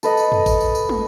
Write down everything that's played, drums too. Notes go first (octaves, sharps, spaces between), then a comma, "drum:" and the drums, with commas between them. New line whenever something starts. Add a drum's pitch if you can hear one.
A4 B4 D#5, drum: tambourine
drum: tambourine
drum: tom
drum: kick G#1, tambourine
drum: tambourine
drum: tambourine
drum: tom